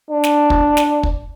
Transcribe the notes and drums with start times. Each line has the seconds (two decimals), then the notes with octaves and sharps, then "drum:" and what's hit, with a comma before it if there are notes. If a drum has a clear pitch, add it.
0.10 D4
0.24 drum: snare
0.50 drum: kick
0.77 drum: snare
1.03 drum: kick